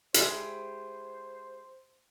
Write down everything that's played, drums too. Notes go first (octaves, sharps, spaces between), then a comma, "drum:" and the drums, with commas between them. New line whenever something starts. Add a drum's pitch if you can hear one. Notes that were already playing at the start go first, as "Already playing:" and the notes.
G#3 E4 G4 C5, drum: hi-hat